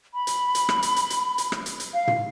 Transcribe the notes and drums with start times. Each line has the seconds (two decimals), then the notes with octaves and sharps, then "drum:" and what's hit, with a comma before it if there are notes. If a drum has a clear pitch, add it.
0.14 B5
0.27 drum: hi-hat
0.55 drum: hi-hat
0.69 drum: rim click
0.83 drum: hi-hat
0.96 drum: hi-hat
1.10 drum: hi-hat
1.38 drum: hi-hat
1.52 drum: rim click
1.66 drum: hi-hat
1.80 drum: hi-hat
1.94 F5
2.07 drum: tom